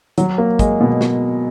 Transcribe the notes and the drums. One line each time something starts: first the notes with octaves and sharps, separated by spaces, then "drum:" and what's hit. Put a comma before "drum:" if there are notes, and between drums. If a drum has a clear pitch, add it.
F#3, drum: hi-hat
A#3
G#3, drum: kick, hi-hat
B2
drum: snare